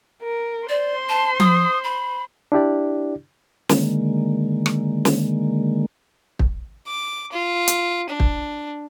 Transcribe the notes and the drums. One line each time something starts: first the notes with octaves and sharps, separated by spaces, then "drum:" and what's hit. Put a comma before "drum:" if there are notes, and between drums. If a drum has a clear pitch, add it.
A#4
C5 D5 C6
A5
D#6, drum: tom F3
B5
D4 E4 G4 D5
D3 D#3 G#3 A#3, drum: snare
drum: rim click
drum: snare
drum: kick
D6
F4
drum: hi-hat
D4
drum: kick